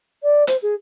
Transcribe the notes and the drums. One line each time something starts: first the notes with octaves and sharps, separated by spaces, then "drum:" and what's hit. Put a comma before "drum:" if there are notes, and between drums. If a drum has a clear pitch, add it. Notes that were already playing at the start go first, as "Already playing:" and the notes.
D5
C5, drum: hi-hat
G#4